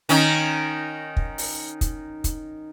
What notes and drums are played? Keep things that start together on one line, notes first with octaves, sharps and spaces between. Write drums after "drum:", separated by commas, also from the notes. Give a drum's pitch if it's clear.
D#3 C#4 D#4, drum: hi-hat
drum: kick
drum: open hi-hat
drum: kick, hi-hat
drum: kick, hi-hat